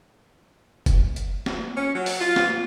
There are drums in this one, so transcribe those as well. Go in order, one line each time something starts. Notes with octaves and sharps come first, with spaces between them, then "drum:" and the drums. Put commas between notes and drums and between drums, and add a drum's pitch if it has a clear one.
drum: kick F#1, hi-hat
drum: hi-hat
drum: snare
C#4
F#3
drum: open hi-hat
F4
drum: snare